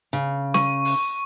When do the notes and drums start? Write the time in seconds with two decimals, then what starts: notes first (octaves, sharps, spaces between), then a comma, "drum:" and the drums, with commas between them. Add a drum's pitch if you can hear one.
0.13 C#3
0.54 C#6, drum: snare
0.85 drum: open hi-hat